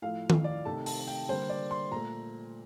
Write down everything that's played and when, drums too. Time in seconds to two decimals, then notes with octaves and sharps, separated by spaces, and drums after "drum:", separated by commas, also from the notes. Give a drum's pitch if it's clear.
0.02 A2 F3 A3 F5
0.30 drum: tom D#3
0.44 D5
0.65 C3 D#3 A3 A5
0.86 A5, drum: open hi-hat
1.08 G5
1.29 D3 G3 A#3 C5
1.49 D5
1.71 C6
1.91 A#2 A3 A#5